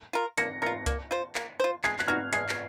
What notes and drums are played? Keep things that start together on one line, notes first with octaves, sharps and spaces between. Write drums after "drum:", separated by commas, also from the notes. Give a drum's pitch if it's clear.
F4 A#4
A#3 A#6 C#7, drum: hi-hat
F4 A#4 A#6 C#7
A#3, drum: kick C#2, hi-hat
F4 C5
A#3, drum: clap
F4 C5
G#3 G#6 C7, drum: clap
F#6, drum: clap
D#4 F#4 F6 G#6
G#3 G#6 C7, drum: hi-hat
drum: clap